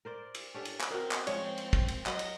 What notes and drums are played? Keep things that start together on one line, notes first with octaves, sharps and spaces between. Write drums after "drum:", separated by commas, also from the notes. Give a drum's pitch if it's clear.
A#4 C5 D5
drum: cymbal
C#4 D4 G4 A4
drum: cymbal
drum: clap
C4 F#4 A#4
drum: clap
F3 G#3 C#5, drum: cymbal
drum: cymbal
drum: kick
drum: cymbal
F#3 D#5, drum: clap
drum: cymbal